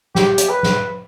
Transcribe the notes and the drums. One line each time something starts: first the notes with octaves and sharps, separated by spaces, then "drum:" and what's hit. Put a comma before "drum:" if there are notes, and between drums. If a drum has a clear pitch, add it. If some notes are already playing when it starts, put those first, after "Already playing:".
G4, drum: snare
drum: hi-hat
B4
drum: snare